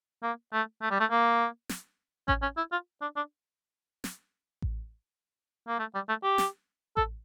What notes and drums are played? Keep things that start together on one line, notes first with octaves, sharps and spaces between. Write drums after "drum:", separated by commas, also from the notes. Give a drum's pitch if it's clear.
A#3
A3
A3
G3
A3
A#3
drum: snare
C#4, drum: kick A1
C#4
E4
F4
D4
D4
drum: snare
drum: kick A1
A#3
A3
G3
A3
G4
drum: snare
A4, drum: kick A1